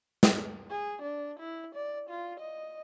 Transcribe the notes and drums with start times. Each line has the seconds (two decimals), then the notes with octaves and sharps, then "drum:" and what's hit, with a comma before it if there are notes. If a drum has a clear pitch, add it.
0.23 drum: snare
0.70 G#4
1.02 D4
1.39 E4
1.75 D5
2.10 F4
2.40 D#5